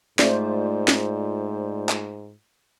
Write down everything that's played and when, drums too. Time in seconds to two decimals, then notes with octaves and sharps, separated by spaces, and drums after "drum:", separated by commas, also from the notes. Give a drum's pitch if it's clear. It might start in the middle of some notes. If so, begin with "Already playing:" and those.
0.19 G#2 A3 F4 C5 D5, drum: snare
0.88 drum: snare
1.89 drum: clap